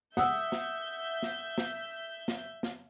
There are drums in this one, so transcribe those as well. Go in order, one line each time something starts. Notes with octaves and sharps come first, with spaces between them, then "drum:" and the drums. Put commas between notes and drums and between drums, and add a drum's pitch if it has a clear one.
E5 F#5 D#6 E6 G6, drum: snare
drum: snare
drum: snare
drum: snare
drum: snare
drum: snare